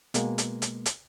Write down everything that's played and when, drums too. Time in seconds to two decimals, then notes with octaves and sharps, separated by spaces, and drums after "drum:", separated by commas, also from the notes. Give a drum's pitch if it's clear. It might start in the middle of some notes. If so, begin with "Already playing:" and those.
0.14 B2 G#3 A#3, drum: hi-hat
0.38 drum: hi-hat
0.62 drum: hi-hat
0.86 drum: hi-hat